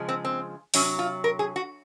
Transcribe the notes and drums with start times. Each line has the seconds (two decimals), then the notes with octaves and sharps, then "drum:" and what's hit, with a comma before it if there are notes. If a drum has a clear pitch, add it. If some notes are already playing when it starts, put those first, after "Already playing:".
Already playing: C#3 F3 G#3
0.09 C4
0.25 C4
0.74 C3 F#3 C#4, drum: open hi-hat
0.99 F4
1.24 A#4
1.39 G#4
1.56 F#4